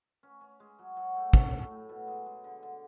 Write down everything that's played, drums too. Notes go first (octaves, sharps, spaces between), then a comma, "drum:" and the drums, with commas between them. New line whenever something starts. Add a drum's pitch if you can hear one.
C#4
C#4
G#3
F#3
F#3
A3
A3, drum: kick
A2
A2
B2
G#3
G#3
D3
D3